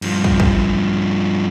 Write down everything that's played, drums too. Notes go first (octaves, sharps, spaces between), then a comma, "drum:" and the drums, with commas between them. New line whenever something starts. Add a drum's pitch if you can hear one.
G2 F3, drum: cymbal
drum: kick
drum: kick